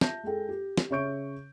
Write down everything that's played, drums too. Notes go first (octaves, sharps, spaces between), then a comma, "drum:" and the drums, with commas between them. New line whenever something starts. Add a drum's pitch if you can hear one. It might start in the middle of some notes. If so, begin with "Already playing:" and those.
E5 A5 G6 A#6, drum: snare
G#3 G#4 A4 G5
G4
drum: snare
C#3 C#5 E5 C#6 G6 D7